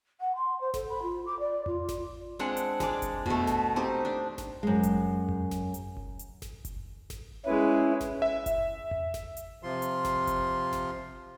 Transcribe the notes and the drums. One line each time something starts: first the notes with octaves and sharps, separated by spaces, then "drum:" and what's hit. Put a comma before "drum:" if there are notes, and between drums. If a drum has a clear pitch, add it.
F#5
C6
C5
A4, drum: snare G#1
B5
F4
D6
D5
F4, drum: tom E2
drum: snare G#1
G#3 C4 D4 F#5
drum: hi-hat
G#3 D5, drum: snare G#1
drum: kick F#1, hi-hat
B2 A3, drum: tom E2
drum: snare G#1
C4 D#4 G4
D4
drum: snare G#1
F#2 G#3
drum: kick F#1, hi-hat
drum: tom E2
drum: snare G#1
drum: hi-hat
drum: kick F#1
drum: hi-hat
drum: snare G#1
drum: kick F#1, hi-hat
drum: snare G#1
G#3 C#4 E4 B4
drum: snare G#1
E5
drum: kick F#1, hi-hat
drum: tom E2
drum: snare G#1
drum: hi-hat
C3 F3 F4 C6
drum: hi-hat
drum: snare G#1
drum: kick F#1, hi-hat
drum: snare G#1